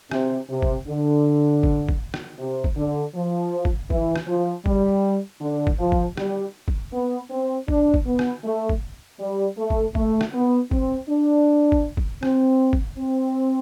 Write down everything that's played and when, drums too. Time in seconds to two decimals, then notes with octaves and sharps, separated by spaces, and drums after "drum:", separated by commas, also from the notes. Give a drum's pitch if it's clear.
0.11 C3, drum: rim click
0.50 C3
0.62 drum: kick
0.88 D3
1.63 drum: kick
1.89 drum: kick
2.14 drum: rim click
2.39 C3
2.64 drum: kick
2.76 D3
3.15 F3
3.65 drum: kick
3.90 E3, drum: kick
4.16 drum: rim click
4.28 F3
4.66 G3, drum: kick
5.41 D3
5.67 drum: kick
5.79 F3
5.92 drum: kick
6.17 G3, drum: rim click
6.68 drum: kick
6.93 B3
7.30 C4
7.68 D4, drum: kick
7.94 drum: kick
8.06 B3
8.19 drum: rim click
8.44 A3
8.69 drum: kick
9.20 G3
9.58 A3
9.70 drum: kick
9.95 A3, drum: kick
10.21 drum: rim click
10.33 B3
10.71 C4, drum: kick
11.09 D4
11.72 drum: kick
11.97 drum: kick
12.23 C4, drum: rim click
12.73 drum: kick
12.98 C4